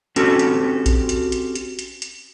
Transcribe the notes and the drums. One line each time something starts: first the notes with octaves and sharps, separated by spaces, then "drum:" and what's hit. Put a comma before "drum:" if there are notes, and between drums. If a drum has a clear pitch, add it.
C4 C#4 F#4 G4 A4, drum: hi-hat
drum: hi-hat
drum: kick A#1, hi-hat
drum: hi-hat
drum: hi-hat
drum: hi-hat
drum: hi-hat
drum: hi-hat